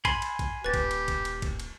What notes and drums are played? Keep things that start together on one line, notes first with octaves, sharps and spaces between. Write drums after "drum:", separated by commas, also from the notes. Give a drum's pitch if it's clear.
G#5 B5 C6, drum: kick, cymbal
drum: cymbal
drum: kick, cymbal
D#1 G4 B4 A6
drum: kick, cymbal
drum: cymbal
drum: kick, cymbal
drum: cymbal
drum: kick, cymbal
drum: cymbal